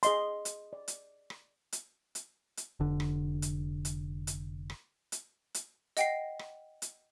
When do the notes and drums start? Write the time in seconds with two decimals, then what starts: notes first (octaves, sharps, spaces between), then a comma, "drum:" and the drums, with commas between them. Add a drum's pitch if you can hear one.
0.03 G#4 D#5 C6, drum: hi-hat
0.45 drum: hi-hat
0.73 D5
0.88 drum: hi-hat
1.30 drum: rim click
1.72 drum: hi-hat
2.15 drum: hi-hat
2.57 drum: hi-hat
2.80 F1 D3
3.00 drum: rim click
3.42 drum: hi-hat
3.85 drum: hi-hat
4.27 drum: hi-hat
4.70 drum: rim click
5.12 drum: hi-hat
5.54 drum: hi-hat
5.97 D#5 F#5 G5 A#6 C7, drum: hi-hat
6.39 drum: rim click
6.82 drum: hi-hat